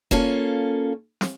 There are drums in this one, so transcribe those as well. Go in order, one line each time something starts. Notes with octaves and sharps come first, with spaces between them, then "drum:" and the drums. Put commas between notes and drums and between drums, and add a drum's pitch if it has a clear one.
A#3 C#4 F4 A4, drum: kick F1
drum: snare